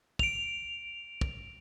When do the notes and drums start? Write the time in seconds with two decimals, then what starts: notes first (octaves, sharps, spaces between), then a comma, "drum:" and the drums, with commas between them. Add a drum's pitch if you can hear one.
0.19 D7 F7, drum: kick
1.21 drum: kick